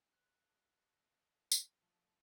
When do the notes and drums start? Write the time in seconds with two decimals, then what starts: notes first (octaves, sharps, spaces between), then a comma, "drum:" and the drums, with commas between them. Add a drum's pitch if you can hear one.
0.13 F#6
0.40 A4 D#5 F5
1.52 drum: tambourine
1.82 F3 A3 D5 D#5 A5